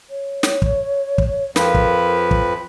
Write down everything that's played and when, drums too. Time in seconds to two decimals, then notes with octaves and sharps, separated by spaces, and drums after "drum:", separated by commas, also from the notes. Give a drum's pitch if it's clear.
0.10 C#5
0.43 drum: snare
0.62 drum: kick
1.18 drum: kick
1.56 F2 F3 A#4 B4, drum: snare
1.75 drum: kick
2.31 drum: kick